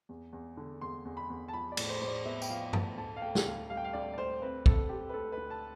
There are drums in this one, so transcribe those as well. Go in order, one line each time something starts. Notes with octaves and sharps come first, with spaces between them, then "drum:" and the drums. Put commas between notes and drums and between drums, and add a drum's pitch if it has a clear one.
E2
E2
D3
E2 C6
E2
B5
E2
A5
F3 B5
D5
A2, drum: cymbal
C5
A2 C5
D5
B3 E5
G5, drum: tambourine
F3 F5
A2 A5, drum: tom G2
D2 A5
F5
D2 G5
drum: snare
D2 F5
G3 F5
G5
F5
D2 D5
D5
D2 C5
C4 B4
C4 A4, drum: kick
C4 G4
B4
D2 A4
D2 B4
A5